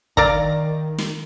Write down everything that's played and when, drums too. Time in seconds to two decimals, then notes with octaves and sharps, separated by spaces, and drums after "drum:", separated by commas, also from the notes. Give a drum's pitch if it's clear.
0.17 D#3 D5 F5 A#5, drum: kick
0.98 drum: snare